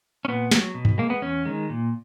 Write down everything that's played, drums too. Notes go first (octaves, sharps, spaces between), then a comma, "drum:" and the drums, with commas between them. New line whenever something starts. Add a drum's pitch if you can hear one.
C#4
A#2 B3
F#3, drum: snare
B2
drum: tom G2
G#3 A#3
B3
E2 C#4
D#3 G#3
A#2